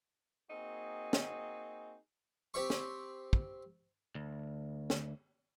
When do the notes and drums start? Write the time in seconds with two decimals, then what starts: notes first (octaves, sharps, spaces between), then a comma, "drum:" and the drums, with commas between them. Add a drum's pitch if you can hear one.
0.50 A#3 C4 D#4 F#4 G#4
1.13 drum: snare
2.54 C4 G4 E5 C#6
2.70 drum: snare
3.33 drum: kick
4.15 D2
4.90 drum: snare